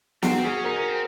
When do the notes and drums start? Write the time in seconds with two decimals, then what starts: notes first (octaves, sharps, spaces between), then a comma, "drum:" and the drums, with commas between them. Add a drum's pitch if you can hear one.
0.22 C4 F#4, drum: snare
0.37 C4
0.44 C#4 G#4
0.64 D#4 A#4
0.76 C#4
0.87 C4